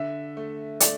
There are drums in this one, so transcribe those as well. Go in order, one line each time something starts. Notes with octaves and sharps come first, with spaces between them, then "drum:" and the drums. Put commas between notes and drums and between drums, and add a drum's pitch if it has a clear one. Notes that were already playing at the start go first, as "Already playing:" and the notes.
Already playing: D3 E5
A3
A3 D5, drum: hi-hat